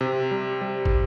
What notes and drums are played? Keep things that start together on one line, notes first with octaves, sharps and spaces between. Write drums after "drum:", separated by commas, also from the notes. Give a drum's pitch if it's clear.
C3
G3
G3
drum: kick